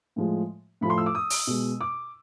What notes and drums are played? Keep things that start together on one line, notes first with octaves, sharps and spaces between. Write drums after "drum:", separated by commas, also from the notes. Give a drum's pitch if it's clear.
A2 F3 G#3
A2 F3 A3 B5
C6
E6
D6
D#6
drum: open hi-hat
B2 G#3
D6